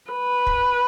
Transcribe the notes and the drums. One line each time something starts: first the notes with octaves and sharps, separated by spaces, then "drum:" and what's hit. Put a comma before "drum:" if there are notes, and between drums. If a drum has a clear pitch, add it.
B4
drum: kick